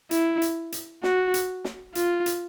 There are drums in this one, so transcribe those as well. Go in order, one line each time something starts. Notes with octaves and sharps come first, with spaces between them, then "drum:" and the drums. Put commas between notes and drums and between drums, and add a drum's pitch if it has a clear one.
E4, drum: hi-hat
drum: hi-hat
drum: hi-hat
F#4, drum: snare
drum: hi-hat
drum: snare
F4, drum: hi-hat
drum: hi-hat